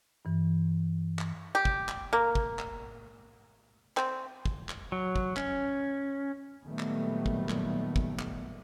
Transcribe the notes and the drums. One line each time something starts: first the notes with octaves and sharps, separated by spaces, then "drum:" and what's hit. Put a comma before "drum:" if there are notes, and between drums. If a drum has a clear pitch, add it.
G2 E3
drum: clap
G4
drum: kick
drum: clap
A#3
drum: kick
drum: clap
C4, drum: clap
drum: kick
drum: clap
F#3
drum: kick
C#4, drum: clap
A#2 D#3 F#3 G3 A3 B3
drum: clap
drum: kick
drum: clap
drum: kick
drum: clap